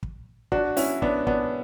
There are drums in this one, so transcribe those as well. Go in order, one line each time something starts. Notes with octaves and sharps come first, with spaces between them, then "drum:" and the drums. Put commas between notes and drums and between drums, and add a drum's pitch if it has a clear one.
drum: kick
D4 F#4, drum: kick
C#4 E4, drum: open hi-hat
B3 D4, drum: kick
B3 D4, drum: kick